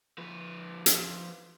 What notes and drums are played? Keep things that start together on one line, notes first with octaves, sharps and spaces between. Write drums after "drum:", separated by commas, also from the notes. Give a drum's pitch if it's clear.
F3 B4
drum: hi-hat